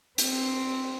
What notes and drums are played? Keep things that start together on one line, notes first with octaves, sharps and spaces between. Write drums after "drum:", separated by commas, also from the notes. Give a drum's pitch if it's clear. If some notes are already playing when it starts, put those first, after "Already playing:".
C4, drum: hi-hat